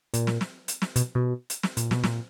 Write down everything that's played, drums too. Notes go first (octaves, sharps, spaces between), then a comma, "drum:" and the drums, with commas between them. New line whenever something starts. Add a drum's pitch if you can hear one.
A#2, drum: hi-hat
drum: snare
drum: snare
drum: hi-hat
drum: snare
B2, drum: hi-hat
B2
drum: hi-hat
drum: snare
A#2, drum: hi-hat
B2, drum: snare
A#2, drum: snare